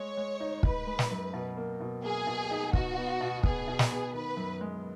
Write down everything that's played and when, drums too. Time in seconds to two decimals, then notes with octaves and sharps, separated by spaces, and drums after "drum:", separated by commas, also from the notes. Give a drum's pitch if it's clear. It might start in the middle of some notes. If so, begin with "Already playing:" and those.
Already playing: G#3 C#5
0.17 G#3
0.40 D#4
0.63 D#4 B4, drum: kick
0.87 G#3
0.99 drum: snare
1.11 F#2
1.33 B2
1.57 A#3
1.80 B2
2.04 A#3 G#4
2.27 B2
2.51 D#4
2.73 B2 F#4, drum: kick
2.98 B3
3.21 B2
3.43 B3 G#4, drum: kick
3.68 B2
3.79 drum: snare
3.91 B3
4.14 D#3 B4
4.37 F#2
4.61 G#3